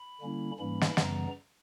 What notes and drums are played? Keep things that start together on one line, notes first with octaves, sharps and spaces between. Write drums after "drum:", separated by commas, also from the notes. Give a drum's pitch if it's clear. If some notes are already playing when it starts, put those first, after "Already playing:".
Already playing: B5
D3 G3 A#3 C#4 E4
G#2 E3 G3 A#3 C#4 B5
drum: snare
F#2 C#3 E3 G3 B3 A#5, drum: snare